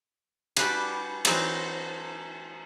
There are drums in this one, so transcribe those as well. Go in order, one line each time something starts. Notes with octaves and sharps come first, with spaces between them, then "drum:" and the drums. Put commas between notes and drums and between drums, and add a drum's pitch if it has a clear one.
G3 F#4 G4 B4 D5 G5, drum: cymbal
E3 F#3 C4 D#4 C5, drum: cymbal